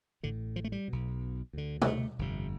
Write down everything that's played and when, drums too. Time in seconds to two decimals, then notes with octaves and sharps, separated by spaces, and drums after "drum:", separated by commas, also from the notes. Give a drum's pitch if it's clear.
0.23 A1 A2 D3
0.56 F3
0.64 A3
0.72 G3
0.88 B1 B2
1.53 D2 D3
1.82 B3, drum: tom
1.86 A3
2.19 G1 F2 C3